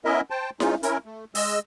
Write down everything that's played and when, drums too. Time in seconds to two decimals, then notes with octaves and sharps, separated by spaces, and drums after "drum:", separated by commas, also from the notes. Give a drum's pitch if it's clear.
0.05 B3 C#4 E4 A#4 D#5 E5
0.30 C5 G5 A5
0.60 G#3 C#4 D#4 F4, drum: snare E4
0.83 C#4 E4 A#4, drum: hi-hat
1.05 A3
1.35 G#3 D#5 E6, drum: open hi-hat